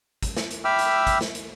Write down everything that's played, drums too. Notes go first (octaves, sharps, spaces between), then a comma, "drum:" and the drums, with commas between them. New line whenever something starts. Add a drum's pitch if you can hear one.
drum: kick, hi-hat
drum: snare
drum: hi-hat
E5 G5 B5 D6 E6 F6
drum: hi-hat
drum: kick, hi-hat
drum: snare
drum: hi-hat